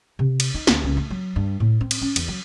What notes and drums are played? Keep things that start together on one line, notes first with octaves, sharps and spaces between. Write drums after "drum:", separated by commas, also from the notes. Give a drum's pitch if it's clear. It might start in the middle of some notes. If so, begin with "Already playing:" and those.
C3
drum: cymbal
D#4
D2, drum: snare
C#2
A3
F#3
G2
A2
C4
drum: cymbal
C#4
E2, drum: cymbal
F#3